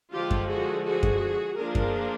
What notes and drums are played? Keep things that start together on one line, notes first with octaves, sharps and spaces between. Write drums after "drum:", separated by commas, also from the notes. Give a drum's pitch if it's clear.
D3 F3 G#3 F4 G4
drum: kick F#2
F#4 G#4
F#4 G#4
drum: kick F#2
F3 A#3 D4 F4 G#4 A#4
drum: kick F#2